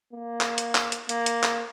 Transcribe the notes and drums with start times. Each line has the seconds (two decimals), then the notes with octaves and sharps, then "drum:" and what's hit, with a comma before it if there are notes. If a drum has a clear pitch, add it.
0.13 A#3
0.41 drum: clap
0.58 drum: hi-hat
0.75 drum: clap
0.92 drum: hi-hat
1.09 A#3, drum: hi-hat
1.26 drum: hi-hat
1.43 drum: clap